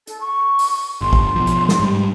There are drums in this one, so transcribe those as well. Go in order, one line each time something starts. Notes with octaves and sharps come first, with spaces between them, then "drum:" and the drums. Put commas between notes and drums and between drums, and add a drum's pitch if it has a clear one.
A4, drum: hi-hat
C#6
drum: open hi-hat
G1 C6
drum: kick
B2 F3
drum: hi-hat
drum: snare
G#2 G3